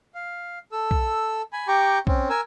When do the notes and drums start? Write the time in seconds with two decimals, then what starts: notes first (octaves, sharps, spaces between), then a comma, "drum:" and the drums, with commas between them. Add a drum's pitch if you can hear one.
0.15 F5
0.72 A4 E6
0.91 drum: kick
1.53 G#5 B5
1.68 G4 G5 A#5 C#6 D6
2.07 C4 C#4, drum: kick
2.30 A#4 G#5 E6